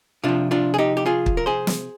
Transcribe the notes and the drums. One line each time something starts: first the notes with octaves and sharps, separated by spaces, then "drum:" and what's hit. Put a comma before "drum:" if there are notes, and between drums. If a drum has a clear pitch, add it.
C3 F3 D4 F4
D4 F4
G#4
D#4 G4
G4
F4 G#4
drum: kick
A#4
G#4 C5
drum: snare